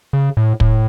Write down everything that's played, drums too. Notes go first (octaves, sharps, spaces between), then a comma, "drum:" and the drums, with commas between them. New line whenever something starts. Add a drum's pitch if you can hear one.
C#3
A2
A2, drum: kick